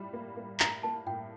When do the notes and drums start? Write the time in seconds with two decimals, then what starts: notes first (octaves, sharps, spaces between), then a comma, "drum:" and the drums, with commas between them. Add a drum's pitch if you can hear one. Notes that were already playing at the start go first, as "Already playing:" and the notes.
Already playing: A2 G3
0.13 A#3
0.37 A#3
0.60 A2 A#5, drum: clap
0.83 A#3 A5
1.06 A2 G5